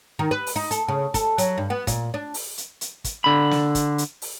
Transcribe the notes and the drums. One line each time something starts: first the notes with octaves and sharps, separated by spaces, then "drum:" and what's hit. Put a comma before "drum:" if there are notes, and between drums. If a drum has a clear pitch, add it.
D#3
B4
drum: open hi-hat
D#4
A4, drum: hi-hat
C#3
A4, drum: kick, hi-hat
F#3, drum: hi-hat
G2
B3
A#2, drum: kick, hi-hat
D4
drum: open hi-hat
drum: hi-hat
drum: hi-hat
drum: kick, hi-hat
D3 B5
drum: snare
drum: kick, hi-hat
drum: hi-hat
drum: open hi-hat